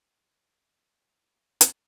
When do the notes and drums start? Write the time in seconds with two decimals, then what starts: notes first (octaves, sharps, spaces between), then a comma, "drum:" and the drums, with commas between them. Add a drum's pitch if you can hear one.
0.08 G#3 D#4 F4
1.22 C#3 F#4
1.61 drum: hi-hat